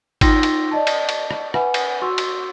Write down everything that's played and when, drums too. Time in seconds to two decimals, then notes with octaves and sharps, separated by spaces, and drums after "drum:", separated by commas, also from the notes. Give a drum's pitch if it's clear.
0.21 D#4 F4 G5 C6 E6 A#6, drum: kick G#1, cymbal
0.43 drum: cymbal
0.71 D5 D#5 A5
0.87 drum: cymbal
1.09 drum: cymbal
1.31 drum: rim click
1.54 B4 E5 F#5 G#5 B5, drum: rim click
1.74 drum: cymbal
2.02 F#4 C6 C#6 E6
2.18 drum: cymbal